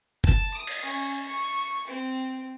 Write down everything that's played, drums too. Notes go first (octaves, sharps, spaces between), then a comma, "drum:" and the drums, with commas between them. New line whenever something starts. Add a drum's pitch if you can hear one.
A5, drum: kick F#1
D#6
drum: cymbal
C#4
C#6
C4